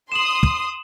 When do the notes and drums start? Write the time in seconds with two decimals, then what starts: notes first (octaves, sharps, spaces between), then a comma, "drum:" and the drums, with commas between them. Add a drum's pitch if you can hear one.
0.12 C6 D#6 E7 F#7
0.43 drum: kick